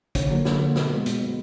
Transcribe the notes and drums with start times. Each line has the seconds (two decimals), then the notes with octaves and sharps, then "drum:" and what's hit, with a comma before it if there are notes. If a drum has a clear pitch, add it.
0.15 D3 C#5, drum: kick, hi-hat
0.30 F#3 A#3
0.45 D3, drum: snare
0.61 F#3 A#3
0.76 B2, drum: snare
0.91 G#3 B3
1.06 B2, drum: hi-hat
1.21 G#3 B3